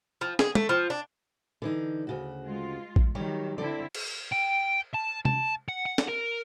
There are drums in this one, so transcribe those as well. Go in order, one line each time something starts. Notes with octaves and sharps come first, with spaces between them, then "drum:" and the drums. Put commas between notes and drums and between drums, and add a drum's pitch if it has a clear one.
F3
G#4, drum: snare
A3, drum: tom
F3
D4
D3 E3 D#4
D2 C#3 F#4
G#3 F4
drum: kick
D#3 F#3 G3 G4 C#5
D3 C4 E4 A4 D5
drum: cymbal
G5
A5
A5, drum: tom C3
F#5
F#5
drum: snare
A#4